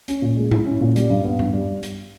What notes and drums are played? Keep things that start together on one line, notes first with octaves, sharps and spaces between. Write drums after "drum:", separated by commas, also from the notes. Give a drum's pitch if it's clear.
C#4, drum: hi-hat
A#2
G#3
E4, drum: tom G#2
C#4
A#2
G3, drum: hi-hat
G2
B3
G2, drum: tom G2
G3
drum: hi-hat